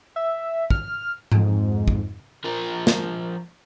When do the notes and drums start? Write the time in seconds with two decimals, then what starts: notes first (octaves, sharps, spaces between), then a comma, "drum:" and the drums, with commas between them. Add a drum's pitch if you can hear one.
0.16 E5
0.70 F6, drum: kick
1.32 F2 G#2, drum: tom G#2
1.88 drum: kick
2.44 F3 A#4
2.87 drum: snare